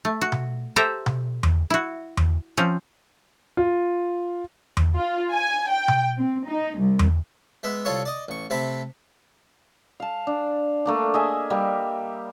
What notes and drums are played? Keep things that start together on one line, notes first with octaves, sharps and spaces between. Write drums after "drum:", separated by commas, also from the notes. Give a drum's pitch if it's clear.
A3
F#4
drum: tom B2
G4 A4 C5 E5 G5 A#5
drum: tom B2
drum: tom E2
E4 F#4
drum: tom E2
F3 C4 C#4
F4
drum: tom E2
F4
G#5
G5
drum: tom B2
C4
D#4
C2
drum: tom E2
G#3 B3 E5
C2 F4 A4 C#5 C#6
D5 D#5
A1 C#6
C3 A3 C4 B5
F5 A5
D4
A3 A#3 D4
G#4 D#5 E5 G#5
G3 A#3